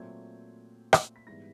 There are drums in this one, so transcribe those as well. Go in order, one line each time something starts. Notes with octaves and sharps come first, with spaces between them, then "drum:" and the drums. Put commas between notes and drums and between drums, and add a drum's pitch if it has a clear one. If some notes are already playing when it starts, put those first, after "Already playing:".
Already playing: A#2 F#3 A3 C4 G#6
drum: rim click
B6
G#2 E3 G3 B3 A#6